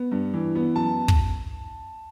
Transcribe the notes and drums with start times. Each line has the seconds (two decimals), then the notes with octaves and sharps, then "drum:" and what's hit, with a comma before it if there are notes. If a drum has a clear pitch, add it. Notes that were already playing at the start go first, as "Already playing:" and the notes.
Already playing: B3
0.12 G2
0.34 E3
0.55 B3
0.76 F#2 A5
1.08 drum: kick